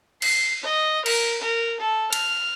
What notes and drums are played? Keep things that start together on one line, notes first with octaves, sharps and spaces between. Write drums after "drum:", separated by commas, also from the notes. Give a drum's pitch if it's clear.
C7, drum: cymbal
D#5
A#4, drum: cymbal
A#4
A4
F6, drum: cymbal